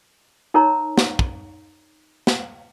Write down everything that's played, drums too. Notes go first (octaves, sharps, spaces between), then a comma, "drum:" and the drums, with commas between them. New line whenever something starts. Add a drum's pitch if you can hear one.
D#4 A#4 C#5 A#5
drum: snare
drum: kick
drum: snare